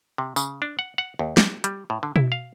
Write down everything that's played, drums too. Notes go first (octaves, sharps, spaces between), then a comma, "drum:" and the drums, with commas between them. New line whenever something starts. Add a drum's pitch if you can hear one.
C3
C#3, drum: tambourine
D4
F#5
F#5
D#2
G3, drum: snare
G3, drum: hi-hat
A2
D3
E4, drum: tom B2
F5